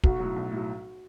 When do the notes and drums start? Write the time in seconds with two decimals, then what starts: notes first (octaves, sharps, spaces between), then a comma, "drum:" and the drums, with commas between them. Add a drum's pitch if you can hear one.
0.04 B1 F#4, drum: kick
0.19 A2 F#3
0.36 B1
0.51 A2
0.56 F#3